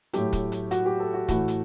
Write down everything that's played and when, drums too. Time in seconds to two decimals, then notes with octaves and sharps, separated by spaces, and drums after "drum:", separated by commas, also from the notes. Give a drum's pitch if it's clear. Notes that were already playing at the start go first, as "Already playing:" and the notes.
0.13 A2 F#3 A3 G4, drum: hi-hat
0.33 drum: kick C#1, hi-hat
0.52 drum: hi-hat
0.71 F#4, drum: hi-hat
0.86 G4
1.00 A4
1.14 F#4
1.28 A2 E3 A3 F#4, drum: kick C#1, hi-hat
1.48 drum: hi-hat